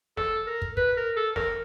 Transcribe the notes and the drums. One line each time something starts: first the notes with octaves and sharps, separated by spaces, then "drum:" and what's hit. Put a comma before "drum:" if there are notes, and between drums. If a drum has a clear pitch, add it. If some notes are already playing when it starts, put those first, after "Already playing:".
A4, drum: snare
A#4
drum: kick
B4, drum: kick
A#4
A4
A#4, drum: snare